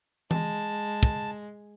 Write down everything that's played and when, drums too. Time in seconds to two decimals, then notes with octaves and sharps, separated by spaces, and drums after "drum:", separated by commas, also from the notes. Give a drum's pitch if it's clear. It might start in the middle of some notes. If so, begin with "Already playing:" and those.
0.31 G#3 A5, drum: tom E3
1.03 drum: kick